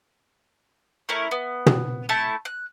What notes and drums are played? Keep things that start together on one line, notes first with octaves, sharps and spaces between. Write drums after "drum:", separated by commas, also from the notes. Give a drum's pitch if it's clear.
A3 C#4 E4 A#4
B3
drum: tom
A3 E4 A5
F#6